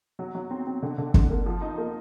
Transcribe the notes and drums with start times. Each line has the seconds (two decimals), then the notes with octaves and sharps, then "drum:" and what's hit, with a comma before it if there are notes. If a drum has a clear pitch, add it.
0.19 F#3
0.35 F#3
0.50 C4
0.66 C4
0.83 D3
0.98 D3
1.14 D3, drum: kick
1.30 A#3
1.46 F3
1.61 D#4
1.78 A#3